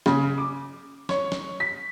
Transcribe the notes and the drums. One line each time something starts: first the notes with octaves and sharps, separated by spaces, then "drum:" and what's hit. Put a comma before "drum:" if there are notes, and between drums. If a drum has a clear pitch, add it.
C#3, drum: snare
D6
C#5, drum: snare
drum: snare
B6